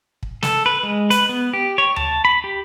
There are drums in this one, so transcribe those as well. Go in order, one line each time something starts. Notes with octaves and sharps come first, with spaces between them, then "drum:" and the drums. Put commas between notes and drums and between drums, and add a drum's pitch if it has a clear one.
drum: kick
A4, drum: snare
B4
G#3
B4, drum: hi-hat
B3
G4
C#5
A5, drum: tom D2
B5
G4